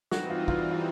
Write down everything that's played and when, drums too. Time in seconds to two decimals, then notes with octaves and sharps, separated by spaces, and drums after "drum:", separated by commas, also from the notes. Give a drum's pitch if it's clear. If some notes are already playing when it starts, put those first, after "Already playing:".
0.11 E3 G3 C4 D#4 F#4, drum: snare
0.30 F4
0.48 F4, drum: kick
0.71 F4